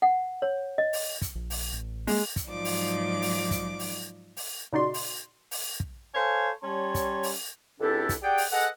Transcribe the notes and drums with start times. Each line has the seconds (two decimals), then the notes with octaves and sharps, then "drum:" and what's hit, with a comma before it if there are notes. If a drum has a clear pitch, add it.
0.02 F#5
0.42 C#5
0.78 D#5
0.93 drum: open hi-hat
1.22 drum: kick, hi-hat
1.35 A#1
1.50 drum: open hi-hat
1.73 A1
2.07 G#3 A#3, drum: open hi-hat
2.36 drum: kick, hi-hat
2.48 G#2 F3 F#3 D#4 D5 D6
2.65 drum: open hi-hat
3.22 drum: open hi-hat
3.51 drum: kick, hi-hat
3.79 drum: open hi-hat
4.37 drum: open hi-hat
4.72 A#2 C#3 D#4 F#4 D5 C6
4.94 drum: open hi-hat
5.51 drum: open hi-hat
5.80 drum: kick
6.14 A4 C5 C#5 F5 G#5
6.62 G3 C#4 C#5 A5 C6
6.94 drum: kick, hi-hat
7.23 drum: open hi-hat
7.80 C#2 C4 D4 E4 G4 A4
8.09 drum: kick, hi-hat
8.22 G4 G#4 D5 F#5 G5
8.38 drum: open hi-hat
8.52 G#4 A4 B4 D#5 F#5